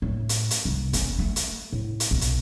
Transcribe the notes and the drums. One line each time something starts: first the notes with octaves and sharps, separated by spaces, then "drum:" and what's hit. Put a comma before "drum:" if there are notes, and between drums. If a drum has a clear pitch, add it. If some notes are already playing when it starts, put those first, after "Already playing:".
A2
drum: hi-hat
drum: hi-hat
C2
C#4, drum: kick, hi-hat
A3
drum: hi-hat
A2
drum: hi-hat
B1
drum: hi-hat